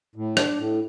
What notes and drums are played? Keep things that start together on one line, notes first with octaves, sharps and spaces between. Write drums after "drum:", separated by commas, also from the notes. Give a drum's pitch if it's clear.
A2
D4, drum: rim click
A2